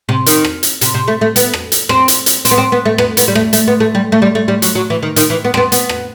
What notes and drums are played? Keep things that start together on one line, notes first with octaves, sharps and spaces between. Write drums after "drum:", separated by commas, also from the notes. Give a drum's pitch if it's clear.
C3
D#3, drum: hi-hat
drum: rim click
drum: hi-hat
C3, drum: hi-hat
C3
A3
A3
B3, drum: hi-hat
drum: rim click
drum: hi-hat
C4, drum: rim click
drum: hi-hat
drum: hi-hat
C4, drum: hi-hat
B3
C4
B3
A3
B3, drum: rim click
B3, drum: hi-hat
G3
A3, drum: rim click
A3, drum: hi-hat
B3
A3
G3
A3
G3
A3
G3
F#3, drum: hi-hat
F#3
E3
D#3
D#3, drum: hi-hat
E3
B3
C4, drum: rim click
B3
B3, drum: hi-hat
drum: rim click